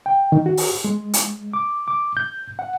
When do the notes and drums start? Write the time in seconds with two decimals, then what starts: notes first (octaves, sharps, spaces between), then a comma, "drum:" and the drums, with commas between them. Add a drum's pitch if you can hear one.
0.06 G5
0.32 D#3
0.46 F#4
0.57 drum: open hi-hat
0.84 G#3
1.14 drum: hi-hat
1.53 D6
1.88 D6
2.17 G6
2.59 F#5